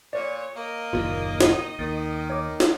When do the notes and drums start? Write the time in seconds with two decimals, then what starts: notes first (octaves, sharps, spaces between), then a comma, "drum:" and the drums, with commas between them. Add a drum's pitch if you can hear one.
0.13 A#2 C#5 D5
0.55 A#3 D#5
0.93 F#1 D#2 A#2 F4
1.41 D#3 D#4, drum: snare
1.79 D#2 D#3 A6
2.30 C#5 D6
2.60 drum: snare